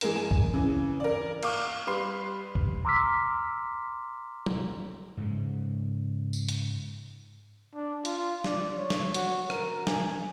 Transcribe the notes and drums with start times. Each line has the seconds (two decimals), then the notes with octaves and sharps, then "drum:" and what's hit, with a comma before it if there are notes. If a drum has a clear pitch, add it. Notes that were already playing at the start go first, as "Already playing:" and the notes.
0.01 E3 G#3 G#4 A#4 E7, drum: hi-hat
0.16 G#5
0.31 drum: kick
0.53 C#3 E3
1.00 A#4 D5
1.43 F5 C#6 D6 F6, drum: cymbal
1.87 G3 B4 C6 C7
2.55 drum: kick
2.85 A#5 C6 D6 E6 F6 B6
4.46 drum: tom F#3
5.17 G#2 C#3 G#3
6.33 drum: tambourine
6.49 drum: hi-hat
7.74 D4
8.05 F4, drum: hi-hat
8.44 D5, drum: snare
8.77 C#5
8.90 drum: snare
9.14 F#4, drum: hi-hat
9.50 A#4, drum: rim click
9.87 G#5, drum: snare